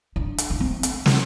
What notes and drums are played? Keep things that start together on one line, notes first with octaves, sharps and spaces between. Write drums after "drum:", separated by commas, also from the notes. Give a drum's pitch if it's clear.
D4
drum: hi-hat
D4
C4
drum: hi-hat
drum: snare